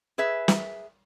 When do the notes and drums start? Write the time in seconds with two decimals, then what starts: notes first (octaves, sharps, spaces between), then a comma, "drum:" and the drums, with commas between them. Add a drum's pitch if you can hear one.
0.18 G#4 B4 E5
0.48 drum: snare